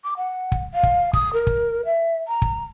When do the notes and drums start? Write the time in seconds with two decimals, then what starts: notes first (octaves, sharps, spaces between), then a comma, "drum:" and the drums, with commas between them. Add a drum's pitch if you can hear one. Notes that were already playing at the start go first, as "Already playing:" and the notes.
0.04 D6
0.17 F#5
0.52 drum: kick
0.74 F5
0.83 drum: kick
1.13 D#6, drum: kick
1.33 A#4
1.47 drum: kick
1.86 E5
2.28 A#5
2.42 drum: kick